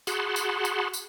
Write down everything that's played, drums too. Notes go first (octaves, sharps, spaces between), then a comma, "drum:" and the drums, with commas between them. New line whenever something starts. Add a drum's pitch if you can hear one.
F#4 G#4 F#5 A5 B5 C6, drum: tambourine
drum: tambourine
drum: tambourine
drum: tambourine